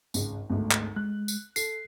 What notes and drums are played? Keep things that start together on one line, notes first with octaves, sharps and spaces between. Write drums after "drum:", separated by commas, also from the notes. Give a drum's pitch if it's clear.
G#1 C#2, drum: tambourine
G#1 D2
drum: clap
G#3 F#6
drum: tambourine
A4 C7, drum: tambourine